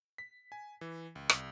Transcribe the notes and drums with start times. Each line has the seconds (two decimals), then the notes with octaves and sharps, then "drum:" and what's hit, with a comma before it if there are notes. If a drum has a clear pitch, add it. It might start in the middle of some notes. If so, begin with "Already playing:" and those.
0.18 B6
0.52 G#5
0.81 E3
1.15 C#2
1.29 C2, drum: rim click